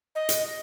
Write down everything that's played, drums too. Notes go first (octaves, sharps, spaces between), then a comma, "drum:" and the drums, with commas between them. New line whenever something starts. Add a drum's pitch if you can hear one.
D#5
drum: hi-hat